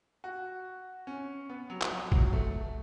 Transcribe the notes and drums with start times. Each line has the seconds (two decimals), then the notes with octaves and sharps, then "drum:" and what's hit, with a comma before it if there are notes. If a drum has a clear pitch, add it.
0.24 F#4
1.07 C#4
1.49 B3
1.70 F#3
1.81 drum: clap
1.91 F#3
2.12 F#3, drum: kick
2.33 A3